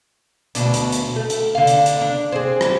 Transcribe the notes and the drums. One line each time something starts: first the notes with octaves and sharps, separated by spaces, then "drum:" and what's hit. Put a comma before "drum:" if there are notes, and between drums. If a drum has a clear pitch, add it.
D2 B2 D4, drum: hi-hat
drum: hi-hat
drum: hi-hat
A3
drum: hi-hat
D3 F5
drum: hi-hat
drum: hi-hat
D4
C4 G#4
drum: rim click